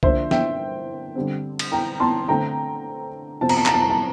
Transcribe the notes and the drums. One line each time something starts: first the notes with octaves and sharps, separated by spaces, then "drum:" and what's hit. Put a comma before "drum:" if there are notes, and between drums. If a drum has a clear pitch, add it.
D3 F3 A#3 D4 C5 E5, drum: kick C2
E5 G5, drum: snare
D3 G3 C4
drum: cymbal
G5 A#5
A5 C6
D3 A3 C4 G5 A#5
C3 F3 C4 A5
A#5, drum: cymbal
A5
A#5, drum: clap
A5
A#5
A5